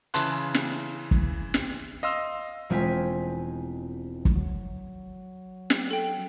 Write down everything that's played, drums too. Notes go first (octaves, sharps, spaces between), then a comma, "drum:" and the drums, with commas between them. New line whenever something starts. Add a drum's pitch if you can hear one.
C#3 E3 E4 A5 C6 F#6, drum: hi-hat
drum: snare
drum: kick
drum: snare
D#5 F5 C6 E6
E1 G#3 C4 F4 G#5 B6
drum: kick
F#3
drum: snare
A4 G5